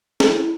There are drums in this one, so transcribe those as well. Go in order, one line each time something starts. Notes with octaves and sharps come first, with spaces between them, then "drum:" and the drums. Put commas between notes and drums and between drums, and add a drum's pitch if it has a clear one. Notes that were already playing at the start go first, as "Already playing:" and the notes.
E4, drum: snare